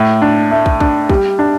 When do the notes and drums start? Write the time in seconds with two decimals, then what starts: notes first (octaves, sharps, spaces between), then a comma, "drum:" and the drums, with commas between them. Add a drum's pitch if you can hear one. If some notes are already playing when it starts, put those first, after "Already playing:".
Already playing: A2
0.22 D4
0.51 A3
0.66 drum: kick
0.80 D4, drum: kick
1.09 G3, drum: kick
1.39 D4